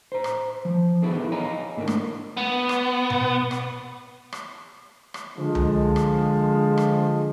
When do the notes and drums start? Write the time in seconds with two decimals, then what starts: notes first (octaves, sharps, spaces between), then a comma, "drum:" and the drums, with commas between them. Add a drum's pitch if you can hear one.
0.12 C5 A#5
0.24 drum: rim click
0.65 F3
1.02 B3 E4 F#4 G#4 A4
1.32 C#5 D#5 F5 G#5 A#5 B5
1.77 G#2 A3 A#3 D4
1.88 drum: rim click
2.37 B3
2.69 drum: rim click
3.10 drum: tom B2
3.51 drum: rim click
4.33 drum: rim click
5.14 drum: rim click
5.38 D3 F3 G#3
5.55 drum: tom C2
5.96 drum: rim click
6.78 drum: rim click